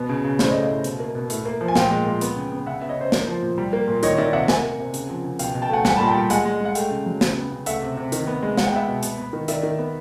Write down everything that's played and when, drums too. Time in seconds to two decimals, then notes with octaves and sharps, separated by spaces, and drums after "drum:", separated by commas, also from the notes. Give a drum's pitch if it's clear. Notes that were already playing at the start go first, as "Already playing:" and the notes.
Already playing: B2 B3
0.09 C#3
0.25 C#3
0.39 A2 C5 D5, drum: snare
0.51 C#5 D#5
0.55 A3
0.62 D#5 F5
0.70 A2
0.84 B2, drum: hi-hat
1.00 A#3
1.15 B2
1.30 A2, drum: hi-hat
1.45 A#3
1.61 F3
1.68 G#5
1.75 A#2 F5 G5, drum: snare
1.91 G#3
2.06 A#2
2.21 B3, drum: hi-hat
2.36 C#3
2.52 B3
2.66 C#3 E5 F#5
2.81 B3 E5
2.89 C#5 D#5
2.97 C#3 C5 D5
3.12 A#3, drum: snare
3.27 F3
3.42 A#2
3.58 G3
3.73 A#3
3.88 A#2
4.03 D#3 C#5 D#5, drum: hi-hat
4.18 D#3 D5 E5
4.33 C3 E5 F#5
4.48 A#3 F#5 G#5, drum: snare
4.63 A#3
4.79 C3
4.94 C#3, drum: hi-hat
5.09 F3
5.24 C#3
5.39 B2 F5 G5, drum: hi-hat
5.54 B2
5.62 G5 A5
5.70 A3 F#5 G#5
5.85 G3 F#5 G#5, drum: snare
5.96 A5 B5
6.00 A#2
6.07 G5 A5
6.15 G3
6.30 G#3 F#5 G#5, drum: hi-hat
6.45 G#3
6.60 G#3 F#5
6.75 A3 F5 G5, drum: hi-hat
6.91 C#3
7.06 F#3
7.21 C#3, drum: snare
7.37 B3
7.51 C#3
7.66 A3 E5 F#5, drum: hi-hat
7.82 C3
7.97 C3
8.12 D#3, drum: hi-hat
8.27 B3
8.42 G#3
8.57 G#3 F#5, drum: snare
8.66 G5
8.73 B3 E5 F#5
8.88 B2
9.03 B3, drum: hi-hat
9.18 B3
9.33 D#3
9.48 D#3 D5 E5, drum: hi-hat
9.63 D#3
9.79 B3